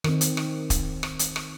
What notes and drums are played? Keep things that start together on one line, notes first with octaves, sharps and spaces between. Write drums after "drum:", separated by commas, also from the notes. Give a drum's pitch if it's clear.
D#3 C4, drum: rim click
drum: hi-hat
drum: rim click
drum: kick, hi-hat
drum: rim click
drum: hi-hat
drum: rim click